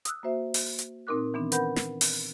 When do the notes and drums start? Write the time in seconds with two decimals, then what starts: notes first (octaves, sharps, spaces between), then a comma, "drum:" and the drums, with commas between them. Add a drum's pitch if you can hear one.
0.05 D#6 E6 F#6, drum: hi-hat
0.23 A#3 F#4 C5 E5
0.54 drum: open hi-hat
0.79 drum: hi-hat
1.07 A#2 C4 D#4 A#4 D6 F#6
1.34 D#3 E3 B3 C4 D4
1.52 A#4 B4 F#5 B5 G6, drum: hi-hat
1.76 drum: snare
2.01 drum: open hi-hat